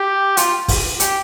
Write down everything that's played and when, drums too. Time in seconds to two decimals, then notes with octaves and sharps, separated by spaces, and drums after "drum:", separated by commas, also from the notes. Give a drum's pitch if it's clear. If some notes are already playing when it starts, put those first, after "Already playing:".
Already playing: G4
0.37 F4, drum: hi-hat
0.68 drum: kick, open hi-hat
1.00 G4, drum: hi-hat